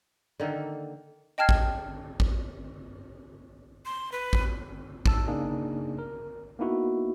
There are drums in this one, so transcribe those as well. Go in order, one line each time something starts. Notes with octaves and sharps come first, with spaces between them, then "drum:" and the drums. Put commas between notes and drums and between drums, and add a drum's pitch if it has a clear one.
D3 D#3 A#3 A4
D#5 G5 A5 F6 G#6 C7
drum: kick A1
drum: kick A1
C6
B4
drum: kick A1
G#2 A5 E6, drum: kick A1
C#3 A#3 D4 D#4 G#4
A#4
A#3 B3 D#4 E4 F#4